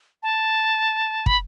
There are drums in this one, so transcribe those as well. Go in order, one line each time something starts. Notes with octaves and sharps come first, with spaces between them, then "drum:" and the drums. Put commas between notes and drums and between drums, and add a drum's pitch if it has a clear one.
A5
B5, drum: kick